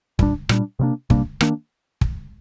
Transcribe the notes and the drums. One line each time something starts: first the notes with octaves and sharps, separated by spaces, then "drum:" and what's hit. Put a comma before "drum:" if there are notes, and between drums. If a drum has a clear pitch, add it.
A#2 G3 D4, drum: kick
A#2 G3 D4, drum: rim click
C3 G3 A#3 D4
C3 G3 A#3 D4, drum: kick
D#3 A#3 D4, drum: rim click
drum: kick